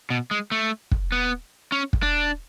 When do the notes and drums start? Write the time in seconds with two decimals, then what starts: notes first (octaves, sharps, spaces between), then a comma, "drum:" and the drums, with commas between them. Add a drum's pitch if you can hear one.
0.10 B2
0.31 G#3
0.51 A3
0.91 drum: kick
1.12 B3
1.72 C#4
1.93 drum: kick
2.03 D4